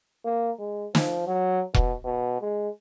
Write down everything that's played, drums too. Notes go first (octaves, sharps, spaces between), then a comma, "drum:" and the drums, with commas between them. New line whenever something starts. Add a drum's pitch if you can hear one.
A#3
G#3
F3, drum: snare
F#3
B2, drum: kick E1
B2
G#3